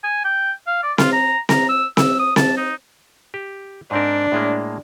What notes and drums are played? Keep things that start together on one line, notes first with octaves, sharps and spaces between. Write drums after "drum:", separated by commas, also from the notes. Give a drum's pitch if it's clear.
G#5
G5
F5
D5
F4, drum: snare C4
A#5
A#5, drum: snare C4
E6
E6, drum: snare C4
D#6
A5, drum: snare C4
D#4
G4
G#2 C4 D4 A#4
A2 G#3 A#3